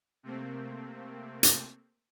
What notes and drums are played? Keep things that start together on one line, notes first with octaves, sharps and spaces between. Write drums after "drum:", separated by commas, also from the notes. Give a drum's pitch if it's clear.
C3 A3 A#3 C4
drum: hi-hat